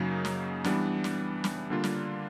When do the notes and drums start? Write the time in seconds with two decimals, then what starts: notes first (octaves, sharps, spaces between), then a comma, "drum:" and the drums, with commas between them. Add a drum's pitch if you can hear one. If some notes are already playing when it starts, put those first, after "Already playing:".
Already playing: F#2 C#3 F#3 A#3 D#4
0.25 drum: snare
0.64 E3 G3 B3 D4, drum: snare
1.04 drum: snare
1.44 drum: snare
1.70 D3 G3 A#3 D4 F4
1.84 drum: snare